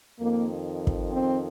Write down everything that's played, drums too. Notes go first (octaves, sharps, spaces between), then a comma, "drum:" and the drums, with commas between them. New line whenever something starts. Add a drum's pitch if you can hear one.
F2 D#3 A#3
drum: kick
C4